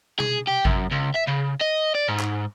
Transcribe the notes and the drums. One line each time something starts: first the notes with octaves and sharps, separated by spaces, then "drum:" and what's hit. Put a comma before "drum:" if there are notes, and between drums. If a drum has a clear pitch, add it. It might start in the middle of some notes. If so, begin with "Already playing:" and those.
G#4, drum: tom B2
G4
F#2, drum: kick G#1
C#2
E5
C#3
D#5
D5
G#2
drum: clap